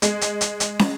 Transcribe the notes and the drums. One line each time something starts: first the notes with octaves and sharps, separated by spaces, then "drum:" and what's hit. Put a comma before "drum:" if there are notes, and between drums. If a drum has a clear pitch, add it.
G#3, drum: hi-hat
drum: hi-hat
drum: hi-hat
drum: hi-hat
drum: snare